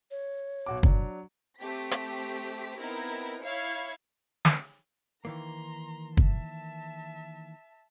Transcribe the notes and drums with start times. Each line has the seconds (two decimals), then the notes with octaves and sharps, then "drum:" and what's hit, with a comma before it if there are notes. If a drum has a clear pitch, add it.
0.11 C#5
0.66 B1 F#4 D6
0.83 F#3 D4, drum: kick
1.59 A3 C4 G4 B6
1.91 drum: hi-hat
2.78 B3 C4 D#4 E4 A#4
3.42 E4 C#5 F5 G#6 C#7
4.45 drum: snare
5.25 D#3 E3 A#3 A#5 C6
6.17 E5 A5, drum: kick